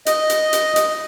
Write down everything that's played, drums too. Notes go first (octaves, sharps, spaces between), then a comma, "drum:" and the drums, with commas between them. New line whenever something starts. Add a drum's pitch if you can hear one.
D#5, drum: hi-hat
drum: hi-hat
drum: hi-hat
drum: hi-hat